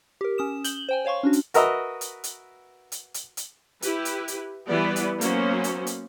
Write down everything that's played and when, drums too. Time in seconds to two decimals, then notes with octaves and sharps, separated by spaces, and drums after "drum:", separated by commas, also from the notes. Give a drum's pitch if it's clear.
0.21 G4 A#4
0.38 C#4 D#6 E7
0.64 G6 F#7 G7, drum: hi-hat
0.89 C5 G5 G#5
1.05 C5 C#5 F5 C6 C#6
1.23 C#4 D4 F#4
1.33 drum: hi-hat
1.54 F#4 A#4 B4 D#5 E5, drum: hi-hat
2.01 drum: hi-hat
2.24 drum: hi-hat
2.92 drum: hi-hat
3.14 drum: hi-hat
3.37 drum: hi-hat
3.82 E4 G4 B4, drum: hi-hat
4.05 drum: hi-hat
4.28 drum: hi-hat
4.68 E3 G3 B3 B4 D5
4.96 drum: hi-hat
5.21 F#3 A#3 B3 C#4 C5, drum: hi-hat
5.64 drum: hi-hat
5.87 drum: hi-hat